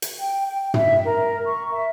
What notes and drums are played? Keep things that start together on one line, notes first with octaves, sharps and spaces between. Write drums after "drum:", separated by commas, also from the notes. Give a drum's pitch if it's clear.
drum: hi-hat
G5
G5
E5, drum: tom
A#4
C#6
E5